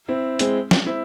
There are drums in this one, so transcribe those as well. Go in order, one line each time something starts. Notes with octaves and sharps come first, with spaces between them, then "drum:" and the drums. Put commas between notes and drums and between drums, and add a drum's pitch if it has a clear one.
C4 E4
G#3 C4, drum: hi-hat
drum: snare
C4 E4